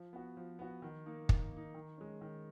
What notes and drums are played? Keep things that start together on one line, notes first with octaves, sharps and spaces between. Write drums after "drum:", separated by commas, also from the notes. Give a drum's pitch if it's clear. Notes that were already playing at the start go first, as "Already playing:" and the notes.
Already playing: F3
B3 F#4
F3
B3 F#4
D#3
A#3 D#4
D#3, drum: kick
A#3
D#4
D#3
G#3 C#4
D#3